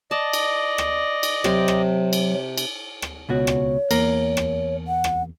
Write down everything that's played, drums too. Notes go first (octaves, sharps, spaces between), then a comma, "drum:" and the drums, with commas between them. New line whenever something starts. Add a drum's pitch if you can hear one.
D5 D#5 A5
drum: cymbal
drum: rim click
drum: cymbal
C3 F#3 G5 C6, drum: rim click
drum: rim click
drum: cymbal
drum: cymbal
drum: rim click
C#2 B2 F#4 C#5
drum: rim click
E2 A#3 A#4, drum: cymbal
drum: rim click
F#5
drum: rim click